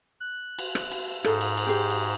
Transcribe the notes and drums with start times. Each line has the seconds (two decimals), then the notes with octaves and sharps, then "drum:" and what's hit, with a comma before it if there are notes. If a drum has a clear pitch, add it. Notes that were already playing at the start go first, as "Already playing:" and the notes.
0.20 F#6
0.59 drum: cymbal
0.75 drum: rim click
0.91 drum: cymbal
1.24 G#2 G#4 A4, drum: rim click
1.41 drum: cymbal
1.57 drum: cymbal
1.67 G4 G#4
1.90 drum: cymbal